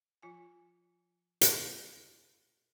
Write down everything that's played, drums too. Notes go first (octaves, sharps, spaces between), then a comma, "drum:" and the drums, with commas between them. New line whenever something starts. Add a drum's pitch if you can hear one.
F3 F4 G#5
drum: hi-hat